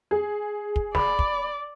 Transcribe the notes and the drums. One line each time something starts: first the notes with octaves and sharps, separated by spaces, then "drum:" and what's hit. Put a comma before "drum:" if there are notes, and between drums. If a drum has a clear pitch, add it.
G#4
drum: kick
D5 B5, drum: snare
drum: kick